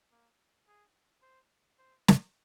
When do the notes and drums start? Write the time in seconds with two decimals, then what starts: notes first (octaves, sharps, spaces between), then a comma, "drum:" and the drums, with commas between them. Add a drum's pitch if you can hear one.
0.11 A#3
0.68 G#4
1.22 C5
1.79 C5
2.08 drum: snare